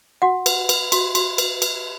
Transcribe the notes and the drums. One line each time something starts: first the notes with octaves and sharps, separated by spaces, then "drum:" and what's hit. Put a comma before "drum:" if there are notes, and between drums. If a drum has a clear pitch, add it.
F#4 F#5
B4, drum: cymbal
B4, drum: cymbal
F#4, drum: cymbal
F#4, drum: cymbal
B4, drum: cymbal
B4, drum: cymbal